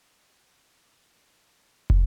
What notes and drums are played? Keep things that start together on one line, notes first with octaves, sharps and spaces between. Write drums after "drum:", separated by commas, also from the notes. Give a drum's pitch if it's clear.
G3 F5
drum: kick